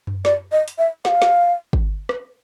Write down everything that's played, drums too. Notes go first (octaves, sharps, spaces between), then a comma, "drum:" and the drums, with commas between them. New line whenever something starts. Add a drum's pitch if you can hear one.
drum: tom F#2
D5, drum: snare
D#5
drum: hi-hat
E5
F#5, drum: snare
F5
drum: snare
drum: kick
drum: rim click